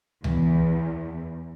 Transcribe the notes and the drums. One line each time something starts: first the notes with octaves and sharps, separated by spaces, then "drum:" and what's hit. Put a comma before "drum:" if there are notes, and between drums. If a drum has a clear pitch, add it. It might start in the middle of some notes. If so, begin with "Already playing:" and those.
E2, drum: tom C#2